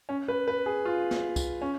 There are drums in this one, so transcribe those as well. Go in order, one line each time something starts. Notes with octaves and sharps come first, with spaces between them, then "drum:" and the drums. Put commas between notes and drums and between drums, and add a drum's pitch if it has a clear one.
C#4
B4
B4
G#4
F4
drum: snare
drum: kick, tambourine
C#4